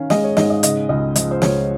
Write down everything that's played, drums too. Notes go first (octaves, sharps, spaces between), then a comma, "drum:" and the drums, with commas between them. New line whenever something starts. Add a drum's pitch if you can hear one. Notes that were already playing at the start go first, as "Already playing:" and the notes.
Already playing: D#3 C#4 F5
G#3 D#5, drum: snare
C#5
G#2 D#5, drum: snare
D#5
C#3 D#5, drum: hi-hat
C#2 D#5
F3 D#5, drum: hi-hat
C5
C#2 C#5, drum: snare